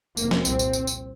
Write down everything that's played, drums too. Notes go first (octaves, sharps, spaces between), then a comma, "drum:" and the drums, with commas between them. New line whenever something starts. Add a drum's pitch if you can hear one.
F1 E2 C3 A#3, drum: tambourine
drum: snare
C2 A#2 C4, drum: tambourine
drum: tambourine
drum: tambourine
drum: tambourine